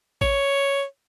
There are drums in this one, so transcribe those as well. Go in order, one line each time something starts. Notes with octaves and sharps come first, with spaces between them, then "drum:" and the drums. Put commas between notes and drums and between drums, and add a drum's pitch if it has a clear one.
C#5, drum: kick A1